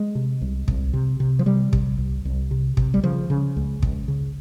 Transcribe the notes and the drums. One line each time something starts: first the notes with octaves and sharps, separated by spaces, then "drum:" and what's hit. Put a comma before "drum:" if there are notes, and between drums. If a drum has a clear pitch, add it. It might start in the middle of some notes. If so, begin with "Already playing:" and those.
Already playing: G#3
C3
C2
C2, drum: kick
C3
C3
F3
C3 G3
C3, drum: kick
C2
C2
C3
C3, drum: kick
G3
C#3 F3
C#3
C#2
C#2, drum: kick
C#3